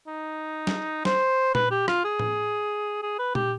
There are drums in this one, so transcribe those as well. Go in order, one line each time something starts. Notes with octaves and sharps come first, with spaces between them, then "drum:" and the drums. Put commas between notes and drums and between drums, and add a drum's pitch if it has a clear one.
D#4
drum: snare
C5, drum: snare
B4, drum: tom A#2
G4
F4, drum: rim click
G#4
drum: tom A2
G#4
B4
G4, drum: tom A#2